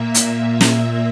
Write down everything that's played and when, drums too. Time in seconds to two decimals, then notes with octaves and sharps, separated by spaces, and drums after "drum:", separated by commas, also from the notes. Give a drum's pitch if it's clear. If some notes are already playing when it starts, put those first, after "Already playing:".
Already playing: A#2 A#3 E5
0.14 E5, drum: hi-hat
0.61 drum: snare